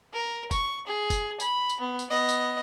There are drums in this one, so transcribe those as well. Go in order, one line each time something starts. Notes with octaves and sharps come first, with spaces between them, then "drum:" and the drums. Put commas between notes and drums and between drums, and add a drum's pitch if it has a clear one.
A#4
C#6, drum: kick F#1, tambourine
G#4
drum: kick F#1, tambourine
B5, drum: tambourine
drum: tambourine
B3
drum: tambourine
B3 D#5
drum: tambourine